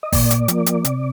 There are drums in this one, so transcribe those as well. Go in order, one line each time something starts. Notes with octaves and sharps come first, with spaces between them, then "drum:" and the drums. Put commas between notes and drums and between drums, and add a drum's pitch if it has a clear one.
D#5
A#2 D5, drum: kick G#1, open hi-hat
drum: hi-hat
F3 A#3, drum: hi-hat
drum: hi-hat
C3, drum: hi-hat